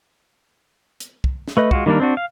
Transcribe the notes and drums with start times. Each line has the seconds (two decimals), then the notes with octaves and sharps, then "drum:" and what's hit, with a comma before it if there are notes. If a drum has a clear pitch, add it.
1.00 drum: hi-hat
1.24 drum: kick
1.48 drum: snare
1.57 A3 B4 D#5 F#6
1.71 G#3 F4 F#4, drum: kick
1.86 D#3 G3 A#3 D4 A#4
2.00 C4 D4 F#4
2.17 F5